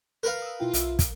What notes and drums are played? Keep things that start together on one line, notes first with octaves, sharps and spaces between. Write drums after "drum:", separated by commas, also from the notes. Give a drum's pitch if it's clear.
A#4 B4 F5 F#6
D#6 E6
B2 E4 F4 G5
B1 E5 E6, drum: hi-hat
drum: kick, hi-hat